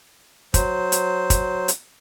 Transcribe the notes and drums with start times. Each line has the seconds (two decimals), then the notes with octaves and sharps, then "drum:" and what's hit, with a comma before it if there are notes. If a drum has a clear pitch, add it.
0.54 F#3 C5, drum: kick, hi-hat
0.92 drum: hi-hat
1.30 drum: kick, hi-hat
1.68 drum: hi-hat